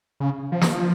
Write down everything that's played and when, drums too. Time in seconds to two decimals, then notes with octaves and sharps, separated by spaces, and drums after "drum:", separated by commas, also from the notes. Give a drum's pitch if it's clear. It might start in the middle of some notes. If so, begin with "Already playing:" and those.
0.20 C#3
0.52 F3
0.61 drum: snare